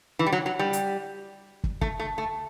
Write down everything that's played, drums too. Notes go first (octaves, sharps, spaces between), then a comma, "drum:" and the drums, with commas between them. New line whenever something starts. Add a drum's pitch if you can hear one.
E3
G3
F#3
F#3
G3
drum: hi-hat
drum: kick
A3, drum: kick
A3
A3